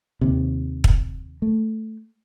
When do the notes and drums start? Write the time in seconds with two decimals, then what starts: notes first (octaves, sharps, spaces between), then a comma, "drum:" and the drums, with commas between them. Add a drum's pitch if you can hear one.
0.21 D#2 C3
0.84 drum: kick
1.42 A3